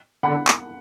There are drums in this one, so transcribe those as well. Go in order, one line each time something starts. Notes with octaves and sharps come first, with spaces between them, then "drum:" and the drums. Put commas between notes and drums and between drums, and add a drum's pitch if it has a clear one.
D3 F#5 B5
drum: clap